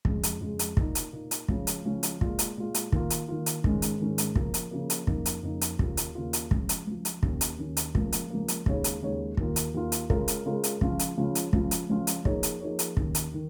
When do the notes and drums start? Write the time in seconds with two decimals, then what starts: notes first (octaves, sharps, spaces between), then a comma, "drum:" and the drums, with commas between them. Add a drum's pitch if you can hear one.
0.05 F2 C#3 G#3, drum: kick
0.23 drum: hi-hat
0.41 F2 C#3 G#3
0.59 drum: hi-hat
0.77 A#2 A#3 D#4, drum: kick
0.95 drum: hi-hat
1.13 A#2 A#3 D#4
1.31 drum: hi-hat
1.48 C#2 C#3 F3 C#4, drum: kick
1.67 drum: hi-hat
1.85 C#2 C#3 F3 C#4
2.03 drum: hi-hat
2.21 A#2 G#3 F4, drum: kick
2.39 drum: hi-hat
2.57 A#2 G#3 F4
2.74 drum: hi-hat
2.92 D#3 A#3 F4, drum: kick
3.10 drum: hi-hat
3.28 D#3 A#3 F4
3.46 drum: hi-hat
3.64 G#2 D#3 G#3 C#4 G#4, drum: kick
3.82 drum: hi-hat
4.00 G#2 D#3 G#3 C#4 G#4
4.18 drum: hi-hat
4.36 C#3 F3 A#3, drum: kick
4.54 drum: hi-hat
4.71 C#3 F3 A#3
4.90 drum: hi-hat
5.07 F2 C#3 A#3 D#4, drum: kick
5.26 drum: hi-hat
5.43 F2 C#3 A#3 D#4
5.61 drum: hi-hat
5.79 D#2 C#3 A#3 F4, drum: kick
5.97 drum: hi-hat
6.15 D#2 C#3 A#3 F4
6.33 drum: hi-hat
6.51 C#2 C#3 F3, drum: kick
6.69 drum: hi-hat
6.87 C#2 C#3 F3
7.05 drum: hi-hat
7.23 D#2 D#3 C#4, drum: kick
7.41 drum: hi-hat
7.58 D#2 D#3 C#4
7.77 drum: hi-hat
7.95 C#2 C#3 F3 A#3, drum: kick
8.12 drum: hi-hat
8.30 C#2 C#3 F3 A#3
8.48 drum: hi-hat
8.66 D#2 C#3 G#3 D#4 C#5, drum: kick
8.84 drum: hi-hat
9.02 D#2 C#3 G#3 D#4 C#5
9.37 D#2 D#3 A#3 F4, drum: kick
9.56 drum: hi-hat
9.74 D#2 D#3 A#3 F4
9.92 drum: hi-hat
10.10 C#3 G#3 F4 A#4, drum: kick
10.28 drum: hi-hat
10.46 C#3 G#3 F4 A#4
10.64 drum: hi-hat
10.81 C#2 C#3 F3 C#4 F4, drum: kick
10.99 drum: hi-hat
11.18 C#2 C#3 F3 C#4 F4
11.35 drum: hi-hat
11.53 C#2 C#3 F3 C#4 F4, drum: kick
11.71 drum: hi-hat
11.89 C#2 C#3 F3 C#4 F4
12.07 drum: hi-hat
12.25 F3 A#3 D#4 G#4 C#5, drum: kick
12.43 drum: hi-hat
12.60 F3 A#3 D#4 G#4 C#5
12.79 drum: hi-hat
12.97 D#2 D#3 C#4, drum: kick
13.15 drum: hi-hat
13.34 D#3